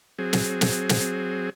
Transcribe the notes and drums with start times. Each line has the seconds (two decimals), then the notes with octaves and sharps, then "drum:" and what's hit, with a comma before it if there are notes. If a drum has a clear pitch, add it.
0.19 F#3 C4 G#4
0.33 drum: snare
0.61 drum: snare
0.89 drum: snare